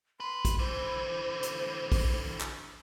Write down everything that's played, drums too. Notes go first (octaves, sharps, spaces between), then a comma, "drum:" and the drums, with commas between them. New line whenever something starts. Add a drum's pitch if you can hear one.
B4 C6
drum: kick, hi-hat
D3 E3 C5
drum: hi-hat
drum: kick, open hi-hat
drum: clap